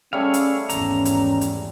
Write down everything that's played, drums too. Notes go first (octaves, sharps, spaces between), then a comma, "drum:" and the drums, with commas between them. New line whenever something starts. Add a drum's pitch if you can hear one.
G3 A3 C#4 G#4 C#5 E5 F5
drum: hi-hat
G#1 E2 C#4 A#5, drum: hi-hat
drum: hi-hat
drum: hi-hat